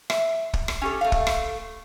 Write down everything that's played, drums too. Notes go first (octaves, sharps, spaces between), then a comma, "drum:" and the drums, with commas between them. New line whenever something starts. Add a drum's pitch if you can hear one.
E5, drum: rim click
drum: kick
drum: rim click
C#4 G4 A4
A3 F5
drum: kick
drum: rim click